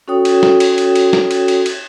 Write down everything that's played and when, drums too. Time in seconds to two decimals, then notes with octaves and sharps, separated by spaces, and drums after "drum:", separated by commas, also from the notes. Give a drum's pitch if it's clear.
0.08 C#4 F#4 A4 C#5 G5 D#6
0.25 drum: cymbal
0.43 drum: snare
0.60 drum: cymbal
0.78 drum: cymbal
0.95 drum: cymbal
1.13 drum: snare
1.31 drum: cymbal
1.48 drum: cymbal
1.66 drum: cymbal